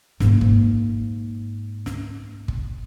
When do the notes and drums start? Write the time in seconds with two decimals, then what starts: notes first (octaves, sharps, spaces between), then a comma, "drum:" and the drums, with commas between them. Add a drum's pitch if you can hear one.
0.20 G#2 A#3, drum: snare
0.41 drum: kick
1.86 drum: snare
2.48 drum: kick